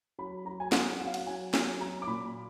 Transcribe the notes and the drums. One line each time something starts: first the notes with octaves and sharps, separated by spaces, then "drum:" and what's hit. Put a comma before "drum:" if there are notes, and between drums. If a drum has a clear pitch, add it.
F#3 B5
F#3 A#5
G#5
F#3 F#5, drum: snare
F#3 F#5
F5
F#5, drum: cymbal
F#3 G#5
F#3 G#5, drum: snare
F#3 A#5
D6
A#2 B5